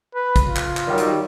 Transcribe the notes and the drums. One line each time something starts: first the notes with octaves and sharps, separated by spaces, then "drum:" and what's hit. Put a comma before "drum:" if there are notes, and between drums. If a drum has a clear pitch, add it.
B4
drum: kick, hi-hat
F4
drum: clap
drum: clap
D#3 F#3 G3
drum: hi-hat